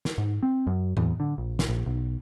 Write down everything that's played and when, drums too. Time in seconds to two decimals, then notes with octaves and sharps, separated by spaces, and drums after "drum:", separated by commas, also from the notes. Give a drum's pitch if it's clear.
0.05 drum: snare
0.18 G#2
0.43 C4
0.67 F#2
0.97 E2, drum: tom A2
1.20 D3
1.38 A#1
1.59 drum: snare
1.68 A#1
1.86 B1